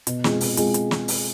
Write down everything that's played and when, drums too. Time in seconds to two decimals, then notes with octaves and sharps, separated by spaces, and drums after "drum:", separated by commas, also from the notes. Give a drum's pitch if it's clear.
0.07 B2, drum: hi-hat
0.24 G#3 C4 F4 G#4, drum: snare
0.41 B2, drum: open hi-hat
0.57 G#3 C4 F4 G#4, drum: hi-hat
0.74 drum: hi-hat
0.91 drum: snare
1.08 drum: open hi-hat